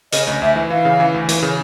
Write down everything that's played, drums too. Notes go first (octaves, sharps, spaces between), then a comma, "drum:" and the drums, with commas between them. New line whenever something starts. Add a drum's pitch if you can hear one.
C#3 D#5, drum: hi-hat
D2
D2 E5
E3
E3 F5
C#3
E3
D2
E3, drum: hi-hat
C#3